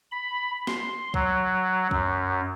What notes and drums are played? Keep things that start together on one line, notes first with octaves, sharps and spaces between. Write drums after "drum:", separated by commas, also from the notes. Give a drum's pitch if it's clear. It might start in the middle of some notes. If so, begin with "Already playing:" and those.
B5
C6, drum: snare
F#3, drum: kick
F#2, drum: kick